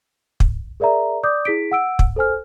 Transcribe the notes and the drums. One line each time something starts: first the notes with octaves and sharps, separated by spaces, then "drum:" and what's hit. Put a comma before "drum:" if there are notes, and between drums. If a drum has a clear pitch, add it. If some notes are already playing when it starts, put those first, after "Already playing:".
drum: kick
G#4 A#4 D5 E5 A#5
D5 D6 D#6 G6
E4 G#4 B6 D7
F#5 E6 D7
drum: kick
A4 C5 G#5 F6